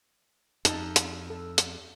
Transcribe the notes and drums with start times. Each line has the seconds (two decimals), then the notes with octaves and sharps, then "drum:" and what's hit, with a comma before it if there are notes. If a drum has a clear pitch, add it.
0.65 F2 D#4 A5, drum: hi-hat
0.96 drum: hi-hat
1.30 A4
1.58 drum: hi-hat